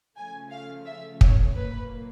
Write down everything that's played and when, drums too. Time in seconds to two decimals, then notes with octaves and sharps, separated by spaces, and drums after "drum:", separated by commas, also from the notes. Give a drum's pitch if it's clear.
0.17 C#3 F3 A3 G#5
0.51 F5
0.86 E5
1.21 C#5, drum: kick
1.54 A#2 F#3 A#3 B4